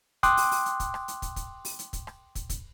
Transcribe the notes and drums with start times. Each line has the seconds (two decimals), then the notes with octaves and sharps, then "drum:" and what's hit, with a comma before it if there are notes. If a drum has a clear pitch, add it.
0.23 G5 C6 D6 D#6 F#6, drum: kick, hi-hat
0.37 drum: open hi-hat
0.51 drum: open hi-hat
0.66 drum: hi-hat
0.80 drum: kick, hi-hat
0.94 drum: rim click
1.08 drum: hi-hat
1.22 drum: kick, hi-hat
1.36 drum: kick, hi-hat
1.65 drum: open hi-hat
1.79 drum: hi-hat
1.93 drum: kick, hi-hat
2.07 drum: rim click
2.35 drum: kick, hi-hat
2.50 drum: kick, hi-hat